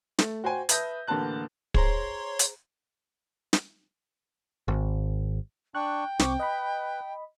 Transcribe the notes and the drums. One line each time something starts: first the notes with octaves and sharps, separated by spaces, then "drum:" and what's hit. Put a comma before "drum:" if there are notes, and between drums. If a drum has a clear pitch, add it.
A3, drum: snare
F#4 C5 G5 G#5
B4 E5 A5 D#6 G6 A#6, drum: hi-hat
A1 D3 A#3 B4 A5 F#6
G#4 C5 C#5 A#5 C6, drum: kick
drum: hi-hat
drum: snare
G#1
D4 G5 C#6 F#6
C2 C4 C#6 D6, drum: snare
B4 D#5 B5